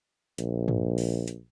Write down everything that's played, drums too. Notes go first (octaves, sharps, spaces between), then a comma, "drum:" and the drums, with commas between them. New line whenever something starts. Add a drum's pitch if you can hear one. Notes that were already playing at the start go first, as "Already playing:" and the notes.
A#1, drum: hi-hat
drum: tom G2
drum: open hi-hat
drum: hi-hat